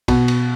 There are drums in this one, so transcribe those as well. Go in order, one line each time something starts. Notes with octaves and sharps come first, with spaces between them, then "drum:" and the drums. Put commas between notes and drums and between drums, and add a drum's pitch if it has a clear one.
B2, drum: kick A#1, cymbal
drum: cymbal